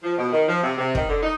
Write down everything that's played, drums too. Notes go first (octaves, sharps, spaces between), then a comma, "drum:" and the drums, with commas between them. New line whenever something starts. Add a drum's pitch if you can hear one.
F3
B2
D#3
F3
C3
C3
D#3, drum: kick
D3
D#4